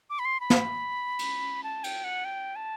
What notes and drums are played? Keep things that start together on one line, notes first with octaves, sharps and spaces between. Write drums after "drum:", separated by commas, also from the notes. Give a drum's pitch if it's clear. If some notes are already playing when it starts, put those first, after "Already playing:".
D6
B5
C6
B5
drum: snare
drum: cymbal
A5
G5, drum: cymbal
F#5
G5
A5